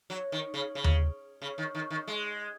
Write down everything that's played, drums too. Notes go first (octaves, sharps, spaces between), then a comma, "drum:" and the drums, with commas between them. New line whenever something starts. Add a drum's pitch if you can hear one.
F#3
D#3
C#3
C#3
drum: tom D#2
C#3
D#3
D#3
D#3
G#3